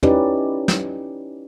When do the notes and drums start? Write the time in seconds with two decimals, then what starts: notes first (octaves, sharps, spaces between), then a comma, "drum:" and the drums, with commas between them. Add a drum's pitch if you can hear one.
0.03 C#4 D#4 E4 G4 B4 D5, drum: tom
0.68 drum: snare